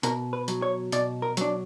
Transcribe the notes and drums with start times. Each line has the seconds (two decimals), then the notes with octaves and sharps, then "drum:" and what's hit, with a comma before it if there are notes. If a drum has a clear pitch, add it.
0.03 B2 A#4, drum: hi-hat
0.33 B4
0.48 F#3, drum: hi-hat
0.62 C#5
0.92 B2 D5, drum: hi-hat
1.22 A#4
1.37 F#3 D4, drum: hi-hat